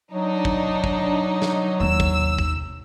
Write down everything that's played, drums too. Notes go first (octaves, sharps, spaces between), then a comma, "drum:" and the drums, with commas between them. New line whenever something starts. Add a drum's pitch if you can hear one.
F#3 D4 D#4
drum: kick
drum: kick
drum: snare
D#2 D#4 E6
drum: kick
drum: kick